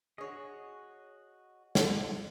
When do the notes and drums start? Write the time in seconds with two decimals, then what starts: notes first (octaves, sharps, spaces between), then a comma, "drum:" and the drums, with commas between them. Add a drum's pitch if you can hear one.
0.18 F#4 G#4 C#5 D#5
1.75 drum: snare